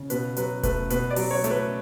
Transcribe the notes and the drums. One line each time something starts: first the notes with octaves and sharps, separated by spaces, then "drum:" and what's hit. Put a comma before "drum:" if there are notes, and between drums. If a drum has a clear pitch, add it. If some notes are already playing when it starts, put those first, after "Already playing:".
Already playing: C#3
B2 B4, drum: hi-hat
F#3 B4, drum: hi-hat
A3 B4, drum: kick E1, hi-hat
B2 B4, drum: hi-hat
D5
F#3, drum: open hi-hat
C#5
A3, drum: hi-hat
B4